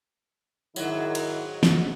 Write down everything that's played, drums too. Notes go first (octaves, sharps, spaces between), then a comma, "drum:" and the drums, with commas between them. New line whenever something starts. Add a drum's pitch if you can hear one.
G#2 D#3 F#3 E4, drum: tambourine
drum: cymbal
drum: snare